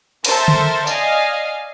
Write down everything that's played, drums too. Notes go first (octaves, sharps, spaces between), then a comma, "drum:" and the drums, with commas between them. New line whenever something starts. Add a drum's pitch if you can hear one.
A4 A#4 C5 E5, drum: cymbal
drum: tom D3
D5 D#5 F5 G#5, drum: tambourine